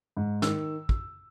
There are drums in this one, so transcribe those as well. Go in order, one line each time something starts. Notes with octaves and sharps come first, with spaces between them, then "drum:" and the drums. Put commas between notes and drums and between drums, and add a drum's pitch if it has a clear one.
G#2
D#3 E6, drum: snare
drum: kick